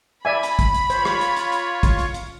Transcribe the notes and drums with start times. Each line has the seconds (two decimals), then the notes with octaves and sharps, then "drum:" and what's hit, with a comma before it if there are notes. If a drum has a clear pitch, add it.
0.25 D5 E5 G#5 B5
0.43 drum: hi-hat
0.59 drum: kick, hi-hat
0.74 drum: hi-hat
0.90 F4 C5 C#5, drum: hi-hat
1.05 drum: rim click
1.21 drum: hi-hat
1.37 drum: hi-hat
1.52 drum: hi-hat
1.83 drum: kick, hi-hat
1.99 drum: hi-hat
2.14 drum: hi-hat